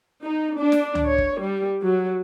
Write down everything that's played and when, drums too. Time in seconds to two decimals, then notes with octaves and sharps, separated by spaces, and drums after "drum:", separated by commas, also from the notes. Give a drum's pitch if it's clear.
0.22 D#4
0.59 D4
0.72 drum: snare
0.95 drum: tom C#2
1.06 C#5
1.18 drum: kick G1
1.41 G3
1.82 F#3